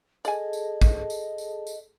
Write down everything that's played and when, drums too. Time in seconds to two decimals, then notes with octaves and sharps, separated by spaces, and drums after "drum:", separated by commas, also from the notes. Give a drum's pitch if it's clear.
0.25 G#4 A4 D5 D#5 G#5 A5, drum: tambourine
0.53 drum: tambourine
0.81 drum: kick, tambourine
1.10 drum: tambourine
1.38 drum: tambourine
1.67 drum: tambourine